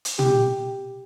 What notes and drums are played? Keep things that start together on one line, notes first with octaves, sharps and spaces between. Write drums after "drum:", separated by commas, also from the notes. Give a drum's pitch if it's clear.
drum: hi-hat
G4, drum: tom